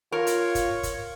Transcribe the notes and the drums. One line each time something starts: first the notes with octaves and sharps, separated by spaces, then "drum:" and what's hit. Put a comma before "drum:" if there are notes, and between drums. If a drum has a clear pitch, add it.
F4 A#4 C#5 C#6
drum: hi-hat
drum: kick, hi-hat
drum: kick, hi-hat